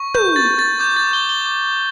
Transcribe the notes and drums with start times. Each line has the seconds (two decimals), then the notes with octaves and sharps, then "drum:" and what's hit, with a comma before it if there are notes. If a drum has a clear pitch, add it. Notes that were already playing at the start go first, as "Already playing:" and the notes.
Already playing: C#6
0.14 G6, drum: tom
0.36 A6
0.47 G6
0.59 A6
0.79 D6 G6
0.97 A6
1.13 D6 G7
1.29 G7
1.46 D6